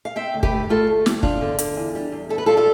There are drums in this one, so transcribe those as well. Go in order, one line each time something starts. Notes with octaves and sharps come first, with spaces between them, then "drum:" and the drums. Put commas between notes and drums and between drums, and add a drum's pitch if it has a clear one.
F5
C4 E5 G5
D2
G4 B4, drum: kick
A3
A3 F4 A4
D2
C4, drum: snare
E2 D4 F4, drum: kick
D3
D3, drum: hi-hat
E2
G3
E2
B3 A4
B4
G3 F4 A4
F4 A4